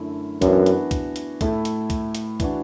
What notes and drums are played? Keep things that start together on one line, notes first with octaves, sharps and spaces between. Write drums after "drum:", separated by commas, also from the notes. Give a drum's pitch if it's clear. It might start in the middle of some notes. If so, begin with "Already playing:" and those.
Already playing: F#2 D3 A3 E4
F#2 E3 B3 D4 F#4, drum: kick, hi-hat
drum: hi-hat
drum: kick, hi-hat
drum: hi-hat
A2 A3 E4, drum: kick, hi-hat
drum: hi-hat
drum: kick, hi-hat
drum: hi-hat
E3 D4 F#4, drum: kick, hi-hat